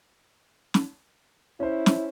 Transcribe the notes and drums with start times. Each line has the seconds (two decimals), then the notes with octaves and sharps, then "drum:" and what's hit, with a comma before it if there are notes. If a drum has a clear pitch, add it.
0.74 drum: snare
1.60 C#4 E4 C5
1.86 drum: snare